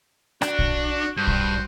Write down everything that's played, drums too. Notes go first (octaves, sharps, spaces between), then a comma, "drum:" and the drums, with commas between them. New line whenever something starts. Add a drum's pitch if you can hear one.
D4 F#4, drum: rim click
drum: kick A#1
G2 F#4 C5
drum: kick A#1